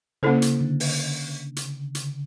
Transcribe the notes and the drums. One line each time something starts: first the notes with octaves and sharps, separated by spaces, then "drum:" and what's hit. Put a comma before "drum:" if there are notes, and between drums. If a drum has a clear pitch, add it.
C#3 A#3 C#4 E4 A4 C5
drum: hi-hat
D3
drum: open hi-hat
drum: hi-hat
drum: hi-hat